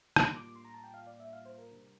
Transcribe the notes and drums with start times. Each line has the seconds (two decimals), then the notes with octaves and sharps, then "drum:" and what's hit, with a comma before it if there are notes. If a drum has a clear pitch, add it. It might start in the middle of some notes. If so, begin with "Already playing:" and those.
0.16 A2 G3 A#3 D4 F4 C6, drum: rim click
0.36 D6
0.56 C6
0.65 A#5
0.74 A5
0.84 G5
0.94 F5
1.07 D5
1.20 E5
1.33 F5
1.45 C5
1.58 A#4
1.71 C3 G3 D4